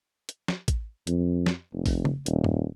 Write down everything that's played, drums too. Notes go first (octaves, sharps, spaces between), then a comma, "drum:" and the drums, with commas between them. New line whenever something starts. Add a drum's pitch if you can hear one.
drum: hi-hat
drum: snare
drum: kick, hi-hat
F2, drum: hi-hat
drum: snare
F1
drum: kick, open hi-hat
drum: tom C#3
D#1, drum: hi-hat
drum: tom F#2